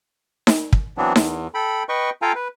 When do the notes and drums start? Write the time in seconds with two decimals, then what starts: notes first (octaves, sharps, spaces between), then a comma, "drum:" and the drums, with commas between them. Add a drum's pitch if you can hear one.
0.47 drum: snare D#4
0.73 drum: kick
0.98 E3 F#3 B3 C4 D4
1.16 E2, drum: snare D#4
1.54 A4 G5 B5
1.89 B4 D#5 G5 C#6
2.22 F4 A4 F5 G5 G#5 A#5
2.35 B4